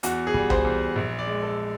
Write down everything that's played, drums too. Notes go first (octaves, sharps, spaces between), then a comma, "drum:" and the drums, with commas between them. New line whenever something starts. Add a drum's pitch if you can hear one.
E2 F#4, drum: hi-hat
G#4
G3, drum: kick
C5, drum: tom C2
E2
A#1
D5
G#3
A4